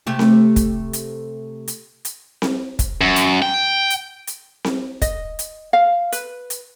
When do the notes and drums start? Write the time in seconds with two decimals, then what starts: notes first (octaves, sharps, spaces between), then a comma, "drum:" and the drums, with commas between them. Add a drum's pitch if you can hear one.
0.07 C3 A3 G4
0.19 drum: snare C4
0.56 drum: kick, hi-hat
0.93 drum: hi-hat
1.68 drum: hi-hat
2.05 drum: hi-hat
2.42 drum: snare C4
2.79 drum: kick, hi-hat
3.01 F#2
3.16 drum: hi-hat
3.42 G5
3.90 drum: hi-hat
4.27 drum: hi-hat
4.64 drum: snare C4
5.02 D#5, drum: kick, hi-hat
5.39 drum: hi-hat
5.73 F5
6.12 B4, drum: hi-hat
6.50 drum: hi-hat